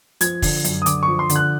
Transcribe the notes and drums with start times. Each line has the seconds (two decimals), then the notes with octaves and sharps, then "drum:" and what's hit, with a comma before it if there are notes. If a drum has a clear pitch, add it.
0.21 F3 G#6, drum: hi-hat
0.42 D3, drum: kick, open hi-hat
0.64 F#2, drum: hi-hat
0.82 D#6
0.86 D3 D6, drum: hi-hat
1.03 C#6
1.08 F3
1.19 C6
1.30 D3, drum: hi-hat
1.36 F#6